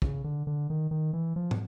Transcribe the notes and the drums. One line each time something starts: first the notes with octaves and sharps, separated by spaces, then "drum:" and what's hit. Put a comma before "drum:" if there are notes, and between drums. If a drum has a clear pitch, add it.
C#3, drum: kick
D3
D3
D#3
D#3
E3
F3
drum: tom